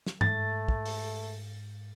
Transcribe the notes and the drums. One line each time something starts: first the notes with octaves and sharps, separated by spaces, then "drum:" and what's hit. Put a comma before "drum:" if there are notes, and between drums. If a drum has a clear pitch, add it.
drum: snare
G#2 A3 A6, drum: tom G2
drum: kick
drum: open hi-hat